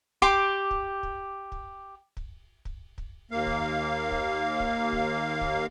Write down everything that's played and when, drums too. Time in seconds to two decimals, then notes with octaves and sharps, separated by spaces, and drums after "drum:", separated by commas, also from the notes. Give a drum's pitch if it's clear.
0.22 G4 G5 C6 D6, drum: kick
0.71 drum: kick
1.03 drum: kick
1.52 drum: kick
2.17 drum: kick
2.65 drum: kick
2.98 drum: kick
3.31 D#2 A#3 F5
3.46 drum: kick
4.11 drum: kick
4.60 drum: kick
4.92 drum: kick
5.41 drum: kick